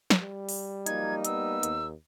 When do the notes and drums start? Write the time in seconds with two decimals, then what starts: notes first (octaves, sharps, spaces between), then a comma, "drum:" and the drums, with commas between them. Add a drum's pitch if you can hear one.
0.10 drum: snare
0.22 G3
0.49 drum: open hi-hat
0.86 F3 F#3 A#3 D#4 G#6, drum: hi-hat
1.25 A#3 B3 E6, drum: hi-hat
1.63 D#2, drum: hi-hat